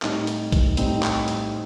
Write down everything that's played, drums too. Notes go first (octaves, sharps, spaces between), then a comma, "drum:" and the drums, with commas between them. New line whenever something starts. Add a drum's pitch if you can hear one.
A2 G3 C4 D#4, drum: clap
drum: hi-hat
drum: kick A#1, hi-hat
A2 G3 C4 D#4, drum: hi-hat
drum: clap
drum: hi-hat